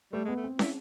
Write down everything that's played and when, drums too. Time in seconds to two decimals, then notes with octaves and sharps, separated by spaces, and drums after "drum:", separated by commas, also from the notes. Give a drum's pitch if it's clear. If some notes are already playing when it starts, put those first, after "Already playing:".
0.12 G3 A3
0.24 G#3 B3
0.36 A3
0.44 C4
0.59 E4, drum: snare